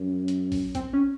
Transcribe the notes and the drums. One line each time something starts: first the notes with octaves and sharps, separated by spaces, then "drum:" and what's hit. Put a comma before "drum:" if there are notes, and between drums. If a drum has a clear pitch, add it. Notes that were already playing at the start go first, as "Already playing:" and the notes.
Already playing: F#2
drum: hi-hat
drum: kick A1, open hi-hat
C4, drum: kick A1, hi-hat
C#4